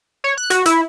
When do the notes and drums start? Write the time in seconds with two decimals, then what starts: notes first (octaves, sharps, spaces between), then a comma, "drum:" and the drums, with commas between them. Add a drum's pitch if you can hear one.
0.24 C#5
0.38 F#6
0.50 F#4, drum: hi-hat
0.66 E4, drum: hi-hat